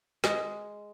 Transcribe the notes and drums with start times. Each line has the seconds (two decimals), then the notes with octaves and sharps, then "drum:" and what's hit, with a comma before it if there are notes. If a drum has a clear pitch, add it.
0.24 G#3, drum: snare